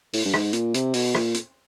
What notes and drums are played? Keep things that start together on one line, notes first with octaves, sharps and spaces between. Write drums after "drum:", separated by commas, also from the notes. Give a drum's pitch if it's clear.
A2, drum: open hi-hat
G2
G#2, drum: rim click
A#2, drum: hi-hat
C3, drum: hi-hat
B2, drum: open hi-hat
A#2, drum: rim click
drum: hi-hat